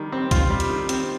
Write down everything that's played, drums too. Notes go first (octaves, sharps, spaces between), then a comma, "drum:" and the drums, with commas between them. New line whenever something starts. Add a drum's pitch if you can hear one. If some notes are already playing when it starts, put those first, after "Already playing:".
Already playing: D#3 G3
C4
F4, drum: kick A#1, hi-hat
G3
drum: hi-hat
D#3
C4, drum: hi-hat